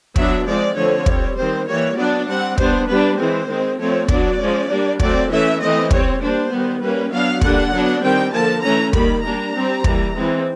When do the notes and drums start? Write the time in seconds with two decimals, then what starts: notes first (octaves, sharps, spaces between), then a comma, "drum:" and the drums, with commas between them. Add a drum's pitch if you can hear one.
0.16 F#3 B3 D4 E5, drum: kick
0.46 F3 G#3 C4 D5
0.76 D3 F3 A3 C4 C#5
1.06 G3 C4, drum: kick
1.36 D#3 G3 C4 C5
1.67 E3 G3 A#3 C#5
1.97 F#3 B3 D4 D5
2.27 G3 C4 F#5
2.58 G3 B3 D4 C5, drum: kick
2.88 G3 B3 D4 B4
3.18 E3 G#3 C4 C5
3.48 D#3 G#3 C4
3.78 F3 A3 C4 C#5
4.08 F#3 B3 D4 D5, drum: kick
4.39 F3 G#3 C#4
4.69 G3 A#3 D4
5.00 F#3 A3 C4 D5, drum: kick
5.30 E3 A3 C#4 E5
5.60 E3 A3 C4 D#5
5.91 G3 C4 C#5, drum: kick
6.21 G3 A#3 D4 C5
6.51 D#3 G3 B3
6.81 G3 A#3 C#4 B4
7.12 F#3 B3 D4 F5
7.41 D3 G3 A#3 D4 F#5, drum: kick
7.72 F#3 B3 D4
8.02 D#3 G3 C4 G5
8.32 D3 F3 A#3 A5
8.62 E3 A3 C#4 A#5
8.93 D#3 G3 A#3 B5, drum: kick
9.23 G3 A#3 D4 A#5
9.54 G3 C4
9.84 E3 G3 A#3, drum: kick
10.14 E3 G#3 C4